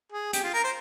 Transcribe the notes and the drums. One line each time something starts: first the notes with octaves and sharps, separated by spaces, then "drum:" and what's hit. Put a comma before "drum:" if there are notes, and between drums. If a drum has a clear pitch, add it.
G#4
G4, drum: hi-hat
F4
A#4
C5